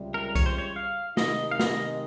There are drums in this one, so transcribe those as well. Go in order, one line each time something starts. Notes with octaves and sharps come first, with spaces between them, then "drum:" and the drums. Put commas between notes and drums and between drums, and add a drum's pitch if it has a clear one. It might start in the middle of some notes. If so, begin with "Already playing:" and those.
Already playing: C#2 C3 G3
A#4
C#5, drum: kick C2, hi-hat
C5
C#5
F5
C3 D#3 G#3 D#4 D#5, drum: snare
F5
D#5, drum: snare